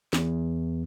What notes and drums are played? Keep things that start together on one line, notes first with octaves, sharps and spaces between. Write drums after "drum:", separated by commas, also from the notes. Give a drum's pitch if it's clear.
E2, drum: snare